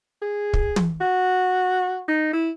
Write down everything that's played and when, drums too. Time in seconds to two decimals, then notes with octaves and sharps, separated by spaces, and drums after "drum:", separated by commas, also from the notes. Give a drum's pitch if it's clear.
0.22 G#4
0.53 drum: kick
0.76 drum: tom
1.01 F#4
2.08 D#4
2.33 E4